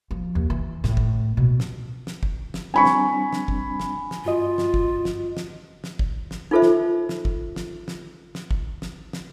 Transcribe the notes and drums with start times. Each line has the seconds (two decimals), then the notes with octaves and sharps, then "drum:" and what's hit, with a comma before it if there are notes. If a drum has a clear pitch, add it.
0.11 F3
0.35 D#2
0.50 E3
0.84 A2, drum: snare
0.97 drum: kick
1.37 B2
1.60 drum: snare
2.07 drum: snare
2.23 drum: kick
2.54 drum: snare
2.74 G3 C4 D4 G#5 B5 C#6
2.85 drum: snare
3.33 drum: snare
3.48 drum: kick
3.80 drum: snare
4.11 drum: snare
4.25 G2 F4 F#4 D#5
4.58 drum: snare
4.74 drum: kick
5.05 drum: snare
5.37 drum: snare
5.84 drum: snare
5.99 drum: kick
6.31 drum: snare
6.51 D#4 F4 A4 C5 E5
6.62 drum: snare
7.09 drum: snare
7.25 drum: kick
7.56 drum: snare
7.88 drum: snare
8.35 drum: snare
8.51 drum: kick
8.82 drum: snare
9.13 drum: snare